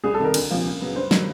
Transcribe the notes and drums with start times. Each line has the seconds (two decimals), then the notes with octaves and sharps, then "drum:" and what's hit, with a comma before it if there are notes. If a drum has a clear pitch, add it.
0.04 C2 G#4
0.14 A4
0.19 C3 D#3 A#4
0.34 D2, drum: cymbal
0.50 C3 F3 A#3
0.65 C#2
0.80 C#3 F#3 B3
0.95 G2 C5
1.11 D#3 F#3, drum: snare